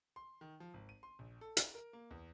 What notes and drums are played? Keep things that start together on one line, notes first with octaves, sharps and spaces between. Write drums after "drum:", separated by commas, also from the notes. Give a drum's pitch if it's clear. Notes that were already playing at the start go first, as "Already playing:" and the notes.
C6
D#3
F3
G#1
D#7
C6
A#1
A4
D7, drum: hi-hat
A#4
A#3
E2